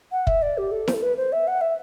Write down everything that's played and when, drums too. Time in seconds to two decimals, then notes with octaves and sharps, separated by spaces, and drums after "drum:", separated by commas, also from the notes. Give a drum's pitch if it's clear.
0.12 F#5
0.27 E5, drum: kick
0.42 D5
0.58 G4
0.71 A4
0.88 C5, drum: snare E4
0.94 A4
1.02 B4
1.17 C5
1.32 E5
1.47 F#5
1.61 E5